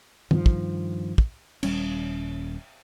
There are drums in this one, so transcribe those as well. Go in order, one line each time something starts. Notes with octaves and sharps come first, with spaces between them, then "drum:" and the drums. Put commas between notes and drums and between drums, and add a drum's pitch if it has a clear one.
G2 D#3 F3, drum: tom
drum: kick
drum: kick
D#1 G3 C#4, drum: cymbal